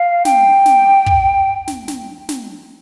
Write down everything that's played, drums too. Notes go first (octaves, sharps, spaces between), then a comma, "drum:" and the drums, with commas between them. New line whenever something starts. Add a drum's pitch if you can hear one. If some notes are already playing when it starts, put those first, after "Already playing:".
Already playing: F5
G5, drum: snare
drum: snare
drum: kick
drum: snare
drum: snare
drum: snare